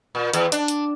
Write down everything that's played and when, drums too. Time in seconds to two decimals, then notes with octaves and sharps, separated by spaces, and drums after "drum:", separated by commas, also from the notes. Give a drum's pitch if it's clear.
0.15 A#2
0.33 E2, drum: hi-hat
0.52 D4, drum: hi-hat
0.68 drum: hi-hat